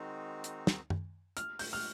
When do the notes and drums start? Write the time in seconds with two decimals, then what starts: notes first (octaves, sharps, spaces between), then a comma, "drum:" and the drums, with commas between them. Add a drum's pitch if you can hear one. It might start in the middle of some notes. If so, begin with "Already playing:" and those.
Already playing: D#3 G#3 C4 D#4 F#4
0.44 drum: hi-hat
0.67 drum: snare
0.90 drum: tom F#2
1.37 F6, drum: hi-hat
1.59 G6, drum: open hi-hat
1.73 F6